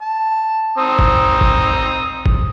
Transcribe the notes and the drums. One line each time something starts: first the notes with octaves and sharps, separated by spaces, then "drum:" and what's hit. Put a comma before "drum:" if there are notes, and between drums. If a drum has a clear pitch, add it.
A5
C4 A#5 D#6
drum: kick
drum: kick
drum: kick